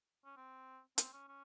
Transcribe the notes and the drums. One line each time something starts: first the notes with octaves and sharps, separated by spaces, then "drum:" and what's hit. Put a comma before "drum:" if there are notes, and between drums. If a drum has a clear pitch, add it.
C#4
C4
C4, drum: hi-hat
C#4
C#4